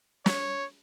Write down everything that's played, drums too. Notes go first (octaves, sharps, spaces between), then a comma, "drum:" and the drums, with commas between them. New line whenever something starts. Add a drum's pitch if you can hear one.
C#5, drum: snare